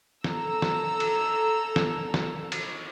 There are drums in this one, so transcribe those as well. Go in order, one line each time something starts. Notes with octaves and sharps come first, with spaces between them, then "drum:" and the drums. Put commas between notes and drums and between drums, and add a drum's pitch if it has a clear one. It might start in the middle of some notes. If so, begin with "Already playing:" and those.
A4 A#5 E6, drum: snare
drum: snare
drum: cymbal
drum: snare
drum: snare
drum: cymbal